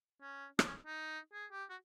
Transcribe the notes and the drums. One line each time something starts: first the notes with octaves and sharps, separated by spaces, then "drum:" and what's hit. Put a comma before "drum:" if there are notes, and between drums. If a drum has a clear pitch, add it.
C#4
D4, drum: rim click
C#4
D#4
G#4
G4
F#4